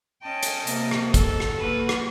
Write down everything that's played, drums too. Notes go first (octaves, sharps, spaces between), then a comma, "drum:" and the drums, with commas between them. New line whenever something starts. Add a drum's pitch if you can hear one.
C#4 D#5 G5 A5
drum: hi-hat
C3 A#3, drum: hi-hat
drum: rim click
A4, drum: kick, hi-hat
drum: rim click
A#3 F#4 B4
drum: rim click